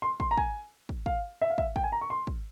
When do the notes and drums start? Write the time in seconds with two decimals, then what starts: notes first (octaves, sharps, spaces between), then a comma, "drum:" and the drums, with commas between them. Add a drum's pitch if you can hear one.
0.02 C6
0.20 C6, drum: kick
0.31 A#5
0.37 G#5, drum: kick
0.89 drum: kick
1.06 F5, drum: kick
1.41 E5
1.50 F5
1.58 E5, drum: kick
1.76 G5, drum: kick
1.83 G#5
1.92 A#5
2.01 C#6
2.10 C6
2.27 drum: kick